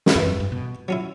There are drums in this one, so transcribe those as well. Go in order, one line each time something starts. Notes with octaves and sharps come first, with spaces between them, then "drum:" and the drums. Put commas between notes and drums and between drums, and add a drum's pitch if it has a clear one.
drum: snare
F#2 E3 A3 E4
F#2
G2
B2
F#3 C#4 E4